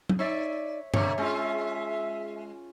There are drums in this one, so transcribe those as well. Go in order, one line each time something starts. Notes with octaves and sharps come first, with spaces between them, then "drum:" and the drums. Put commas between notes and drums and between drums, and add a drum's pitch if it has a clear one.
drum: tom
D#4 C#5 D5 E5
B2 D3 A#3 C#5 E5, drum: tom G2
G#3 C#4 F4